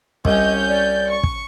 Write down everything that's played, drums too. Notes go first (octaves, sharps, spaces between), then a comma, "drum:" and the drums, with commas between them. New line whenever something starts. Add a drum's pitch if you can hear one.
C2 C#4 D#5 G6, drum: kick
D5
C#6
drum: kick